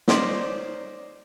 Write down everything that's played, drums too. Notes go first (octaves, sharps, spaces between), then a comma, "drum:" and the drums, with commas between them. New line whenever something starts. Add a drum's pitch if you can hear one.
C#4 D#4 C5 D5, drum: snare